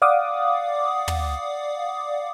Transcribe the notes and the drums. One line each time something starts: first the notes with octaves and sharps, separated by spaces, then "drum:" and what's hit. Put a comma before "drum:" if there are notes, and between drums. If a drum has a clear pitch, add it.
D5 F5 F#5 D6 D#6
drum: tom